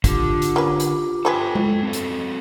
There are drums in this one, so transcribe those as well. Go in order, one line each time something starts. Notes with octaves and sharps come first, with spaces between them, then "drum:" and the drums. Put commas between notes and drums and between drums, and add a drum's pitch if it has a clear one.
D3 F4 G4 D6, drum: kick, hi-hat
drum: hi-hat
A#3 C#4 B4
drum: hi-hat
F3 G#4 A4 B4 G5
drum: tom G#3
C4 F#4 A4
drum: hi-hat